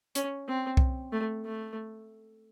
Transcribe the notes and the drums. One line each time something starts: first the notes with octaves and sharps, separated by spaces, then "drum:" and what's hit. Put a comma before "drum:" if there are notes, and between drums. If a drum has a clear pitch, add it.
C#4, drum: hi-hat
C4
drum: kick C2
A3
A3